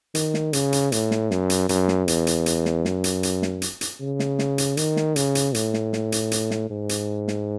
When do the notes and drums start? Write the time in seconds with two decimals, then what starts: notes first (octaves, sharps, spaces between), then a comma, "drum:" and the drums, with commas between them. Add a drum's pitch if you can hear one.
0.15 D#3, drum: hi-hat
0.34 drum: snare
0.53 C#3, drum: hi-hat
0.73 drum: hi-hat
0.92 A2, drum: hi-hat
1.11 drum: snare
1.31 F#2, drum: snare
1.50 drum: hi-hat
1.69 F#2, drum: hi-hat
1.88 drum: snare
2.08 E2, drum: hi-hat
2.27 drum: hi-hat
2.46 drum: hi-hat
2.65 drum: snare
2.85 F#2, drum: snare
3.04 drum: hi-hat
3.23 drum: hi-hat
3.42 drum: snare
3.62 drum: hi-hat
3.81 drum: hi-hat
4.01 C#3
4.19 drum: snare
4.39 drum: snare
4.58 drum: hi-hat
4.77 D#3, drum: hi-hat
4.97 drum: snare
5.16 C#3, drum: hi-hat
5.35 drum: hi-hat
5.55 A2, drum: hi-hat
5.74 drum: snare
5.93 drum: snare
6.12 drum: hi-hat
6.31 drum: hi-hat
6.51 drum: snare
6.70 G#2
6.89 drum: hi-hat
7.28 drum: snare